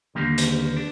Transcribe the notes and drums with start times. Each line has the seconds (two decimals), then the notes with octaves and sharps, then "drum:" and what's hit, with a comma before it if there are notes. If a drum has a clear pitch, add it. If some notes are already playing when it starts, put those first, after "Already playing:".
0.15 D#2 D3 G3 A#3
0.38 drum: hi-hat
0.77 D4